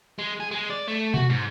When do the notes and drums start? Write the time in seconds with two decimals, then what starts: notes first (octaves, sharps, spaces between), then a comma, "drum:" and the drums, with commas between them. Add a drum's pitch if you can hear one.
0.19 G#3
0.40 G#4
0.51 G#3
0.70 D5
0.88 A3
1.14 F#4, drum: tom B2
1.30 G#2